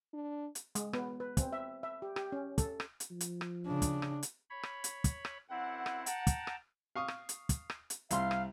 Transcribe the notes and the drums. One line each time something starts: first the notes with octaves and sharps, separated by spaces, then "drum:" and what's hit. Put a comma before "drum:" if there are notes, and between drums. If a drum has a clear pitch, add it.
D4
drum: hi-hat
G#3, drum: hi-hat
B3, drum: rim click
B4
C4, drum: kick, hi-hat
E5
E5
G4
G4, drum: rim click
C#4
A4, drum: kick, hi-hat
drum: rim click
drum: hi-hat
F3
drum: hi-hat
drum: rim click
C#3 D4
drum: kick, hi-hat
drum: rim click
drum: hi-hat
C#5 B5
drum: rim click
drum: hi-hat
drum: kick, hi-hat
drum: rim click
F#2 C4 E4 F#5
drum: rim click
F#5 G5 A5 A#5, drum: hi-hat
drum: kick, hi-hat
drum: rim click
F5 C#6 D#6
drum: rim click
drum: hi-hat
drum: kick, hi-hat
drum: rim click
drum: hi-hat
C2 F5 C6, drum: hi-hat
drum: rim click